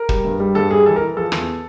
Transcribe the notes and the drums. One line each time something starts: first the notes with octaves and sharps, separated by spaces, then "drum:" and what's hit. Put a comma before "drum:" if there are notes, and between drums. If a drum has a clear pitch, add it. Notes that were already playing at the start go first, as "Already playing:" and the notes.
Already playing: A#4
G3, drum: kick
G2
G3
G2 A4
G3 G#4
E3 A4
A#4
E3
F3 A4
E2, drum: rim click